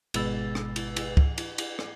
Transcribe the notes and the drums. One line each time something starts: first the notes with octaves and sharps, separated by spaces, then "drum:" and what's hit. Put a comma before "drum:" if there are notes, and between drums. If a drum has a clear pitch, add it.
G#1 B2 G#3 B4 E6 A6, drum: cymbal
drum: rim click
drum: cymbal
drum: cymbal
drum: kick C#2
drum: cymbal
drum: cymbal
drum: rim click